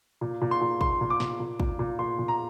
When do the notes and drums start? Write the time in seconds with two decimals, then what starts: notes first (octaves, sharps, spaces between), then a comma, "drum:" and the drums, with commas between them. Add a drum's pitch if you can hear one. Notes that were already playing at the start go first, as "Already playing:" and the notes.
0.21 A#2
0.42 A#2
0.51 C6
0.61 A#2
0.81 A#2 C6, drum: kick
1.01 A#2
1.10 D6
1.20 A#2, drum: snare
1.40 A#2
1.60 A#2, drum: kick
1.79 A#2
1.99 A#2 C6
2.19 A#2
2.28 A#5